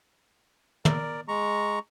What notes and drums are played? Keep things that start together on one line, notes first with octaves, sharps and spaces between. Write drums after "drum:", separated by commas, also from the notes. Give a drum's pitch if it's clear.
A#4 D5, drum: tom
G#3 A#5 C#6